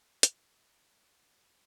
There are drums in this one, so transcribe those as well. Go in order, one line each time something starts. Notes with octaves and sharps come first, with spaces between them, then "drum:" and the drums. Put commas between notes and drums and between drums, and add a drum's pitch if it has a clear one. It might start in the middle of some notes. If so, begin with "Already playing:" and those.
A3 D4, drum: hi-hat